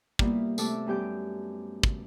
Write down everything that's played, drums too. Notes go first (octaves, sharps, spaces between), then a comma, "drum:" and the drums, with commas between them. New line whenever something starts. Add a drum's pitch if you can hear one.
G3 A#3 B3 E4 F4, drum: kick
C3 A3 A4 D6, drum: tambourine
F#2 G3 B3 G4 G5 G6
drum: kick